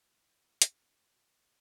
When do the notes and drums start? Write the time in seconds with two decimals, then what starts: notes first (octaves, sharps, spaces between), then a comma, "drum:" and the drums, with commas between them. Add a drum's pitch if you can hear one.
0.08 E4
0.25 E4
0.43 E4
0.62 E4, drum: hi-hat
0.80 B2
0.98 E2
1.16 B2
1.34 B3